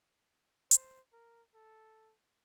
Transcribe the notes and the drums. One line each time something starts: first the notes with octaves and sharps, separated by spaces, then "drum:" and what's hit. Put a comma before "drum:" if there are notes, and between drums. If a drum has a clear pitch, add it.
C5, drum: hi-hat
A#4
A4